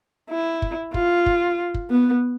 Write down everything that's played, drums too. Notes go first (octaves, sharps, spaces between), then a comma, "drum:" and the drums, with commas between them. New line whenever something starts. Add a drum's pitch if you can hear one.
E4
drum: kick
F4, drum: kick
drum: kick
drum: kick
B3